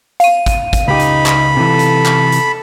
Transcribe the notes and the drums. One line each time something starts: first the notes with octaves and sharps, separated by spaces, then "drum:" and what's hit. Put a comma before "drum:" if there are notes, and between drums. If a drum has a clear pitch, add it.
F5 D#7, drum: hi-hat
drum: kick, hi-hat
drum: kick, hi-hat
C#2 D#4 G4 B5
drum: hi-hat
drum: clap
C3 E3 A4
drum: hi-hat
drum: clap
drum: hi-hat